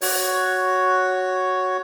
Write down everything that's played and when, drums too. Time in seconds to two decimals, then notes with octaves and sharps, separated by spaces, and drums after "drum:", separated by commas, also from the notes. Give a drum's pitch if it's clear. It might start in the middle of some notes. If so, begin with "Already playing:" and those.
0.02 F#4 C#5, drum: open hi-hat